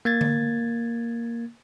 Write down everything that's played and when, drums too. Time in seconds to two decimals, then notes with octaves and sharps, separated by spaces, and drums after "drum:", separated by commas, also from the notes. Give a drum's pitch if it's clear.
0.05 A#3 G#6 A6
0.21 drum: tom D3